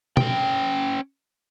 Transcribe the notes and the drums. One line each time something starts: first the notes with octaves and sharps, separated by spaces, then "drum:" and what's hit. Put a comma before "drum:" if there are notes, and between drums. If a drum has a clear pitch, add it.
C#4 G5, drum: tom B2